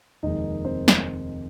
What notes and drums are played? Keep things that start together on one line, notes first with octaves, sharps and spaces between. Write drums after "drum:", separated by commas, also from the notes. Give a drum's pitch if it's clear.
F1 D#2 D#3 G#3 D#4 D#5
C4 C5
drum: snare